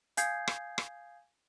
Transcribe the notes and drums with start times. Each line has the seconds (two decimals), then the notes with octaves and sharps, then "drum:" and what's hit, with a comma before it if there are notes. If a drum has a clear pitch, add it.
0.17 F5 G#5 D#6 G6 G#6 C7, drum: hi-hat
0.48 drum: rim click
0.78 drum: rim click